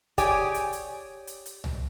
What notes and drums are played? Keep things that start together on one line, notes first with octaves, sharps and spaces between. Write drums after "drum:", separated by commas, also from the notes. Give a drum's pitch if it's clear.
G4 G#4 C#5 D5 G5 G#5, drum: kick, hi-hat
drum: hi-hat
drum: hi-hat
drum: hi-hat
drum: hi-hat
drum: tom C2